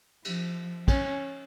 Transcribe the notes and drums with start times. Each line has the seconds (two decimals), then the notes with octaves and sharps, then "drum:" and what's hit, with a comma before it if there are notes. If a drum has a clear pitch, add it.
0.25 F3, drum: cymbal
0.88 C#4, drum: kick, cymbal